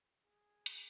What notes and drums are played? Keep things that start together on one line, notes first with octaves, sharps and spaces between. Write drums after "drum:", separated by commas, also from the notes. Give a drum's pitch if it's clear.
G#4
drum: hi-hat